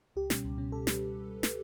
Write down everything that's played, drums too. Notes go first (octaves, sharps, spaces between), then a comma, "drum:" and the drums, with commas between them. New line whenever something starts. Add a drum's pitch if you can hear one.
C#2 G4
B2 G3 C#4, drum: snare
C#2
B2 G3 C#4
C#2 A4
B2 G3 C#4 B4, drum: snare
drum: snare